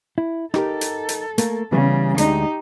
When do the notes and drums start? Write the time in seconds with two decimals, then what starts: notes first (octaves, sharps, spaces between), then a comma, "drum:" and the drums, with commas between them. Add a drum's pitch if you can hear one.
0.18 E4
0.54 D#4 G4 A4 A#4, drum: rim click
0.81 drum: hi-hat
1.09 drum: hi-hat
1.38 A3 A#3, drum: hi-hat
1.72 C#3 E3 G3 B3
2.18 D2 G#3 D4 D#4 G4, drum: hi-hat